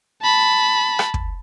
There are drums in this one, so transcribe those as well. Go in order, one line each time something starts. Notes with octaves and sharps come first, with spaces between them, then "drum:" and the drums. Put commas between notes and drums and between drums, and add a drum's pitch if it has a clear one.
A5 B5
drum: rim click
drum: kick